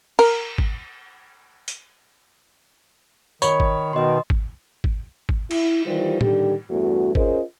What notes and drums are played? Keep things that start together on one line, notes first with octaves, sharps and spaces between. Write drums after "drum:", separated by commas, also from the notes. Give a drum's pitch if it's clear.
A#4, drum: cymbal
drum: kick G#1
drum: hi-hat
D#3 C#5 B5, drum: tambourine
drum: kick G#1
B2 D#3 D#5 C6
drum: kick G#1
drum: kick G#1
drum: kick G#1
E4, drum: cymbal
D#3 E3 G3 F4 G4 C5
D3 D#3 G3 G4, drum: tom
E2 G2 A3 F#4
C#4 F4 G#4 A#4 C5 D#5, drum: kick G#1